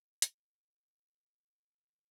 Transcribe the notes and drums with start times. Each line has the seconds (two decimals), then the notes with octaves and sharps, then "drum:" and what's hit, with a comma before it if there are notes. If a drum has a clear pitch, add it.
0.22 A2 G3 G4, drum: hi-hat
0.51 A4
1.08 B4
1.37 E2 C3 F3 A4
1.66 A4